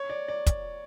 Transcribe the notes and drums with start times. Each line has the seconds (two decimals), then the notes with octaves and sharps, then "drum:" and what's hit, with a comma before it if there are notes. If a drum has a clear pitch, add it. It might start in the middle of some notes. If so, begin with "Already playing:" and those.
Already playing: C#5
0.10 D5
0.28 D5
0.46 drum: kick, hi-hat